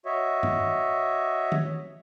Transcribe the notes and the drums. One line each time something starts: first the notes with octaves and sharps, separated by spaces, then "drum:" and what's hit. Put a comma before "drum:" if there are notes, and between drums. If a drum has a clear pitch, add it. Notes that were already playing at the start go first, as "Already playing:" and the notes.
F#4 C#5 D#5 E5
drum: tom G2
drum: tom